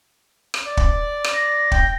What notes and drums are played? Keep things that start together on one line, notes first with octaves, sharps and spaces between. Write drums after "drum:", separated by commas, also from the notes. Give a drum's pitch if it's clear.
drum: rim click
D5
drum: kick
drum: rim click
A#6
G5, drum: kick